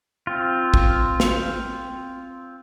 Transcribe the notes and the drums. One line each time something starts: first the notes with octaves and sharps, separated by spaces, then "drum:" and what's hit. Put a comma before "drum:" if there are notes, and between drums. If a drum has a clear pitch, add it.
C4 F4
drum: kick
drum: snare